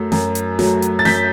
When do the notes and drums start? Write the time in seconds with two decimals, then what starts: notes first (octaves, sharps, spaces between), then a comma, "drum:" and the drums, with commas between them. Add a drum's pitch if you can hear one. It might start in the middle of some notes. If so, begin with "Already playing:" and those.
Already playing: F#2 F#3 A3
0.12 F#2, drum: snare
0.35 drum: hi-hat
0.59 F#3 A3, drum: snare
0.82 drum: hi-hat
0.99 A6
1.05 F#2 G6 B6, drum: snare